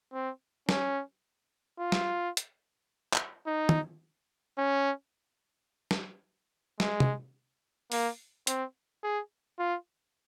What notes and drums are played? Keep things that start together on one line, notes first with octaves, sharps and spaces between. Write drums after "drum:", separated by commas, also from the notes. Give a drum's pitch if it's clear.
C4
C#4, drum: snare
F4
drum: snare
drum: hi-hat
drum: clap
D#4
drum: tom
C#4
drum: snare
G#3, drum: snare
drum: tom
A#3, drum: open hi-hat
C4, drum: hi-hat
G#4
F4